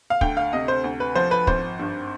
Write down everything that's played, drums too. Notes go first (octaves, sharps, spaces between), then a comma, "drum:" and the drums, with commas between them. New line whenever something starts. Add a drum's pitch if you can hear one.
F5
D2 G5, drum: kick
F5
C3 D#5
C5
D2
B4
F3 C5
B4
G#1 C5, drum: kick
G2